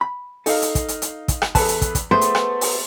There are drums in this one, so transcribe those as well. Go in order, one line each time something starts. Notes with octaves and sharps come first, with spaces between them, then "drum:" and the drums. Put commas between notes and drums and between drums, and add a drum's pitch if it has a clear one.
B5
D#4 A4 F5, drum: open hi-hat
drum: hi-hat
drum: kick, hi-hat
drum: hi-hat
drum: hi-hat
drum: kick, hi-hat
drum: rim click
E2 A4 B4 A5, drum: kick, open hi-hat
drum: hi-hat
drum: kick, hi-hat
drum: kick, hi-hat
A3 B3 G#4 B4 C5
drum: hi-hat
drum: rim click
drum: open hi-hat